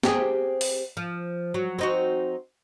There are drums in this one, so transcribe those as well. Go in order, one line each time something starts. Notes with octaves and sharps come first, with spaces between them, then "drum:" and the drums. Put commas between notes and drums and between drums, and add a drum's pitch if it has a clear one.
C4 G4 G#4, drum: snare B3
drum: open hi-hat
F3
F#3
C4 D#4 F#4